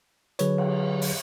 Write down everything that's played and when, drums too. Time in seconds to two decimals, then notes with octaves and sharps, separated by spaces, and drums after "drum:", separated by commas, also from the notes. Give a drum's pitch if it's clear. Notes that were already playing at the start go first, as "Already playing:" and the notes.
0.39 D3 F#3 G#4 B4 C#5, drum: hi-hat
0.58 drum: cymbal
1.02 drum: open hi-hat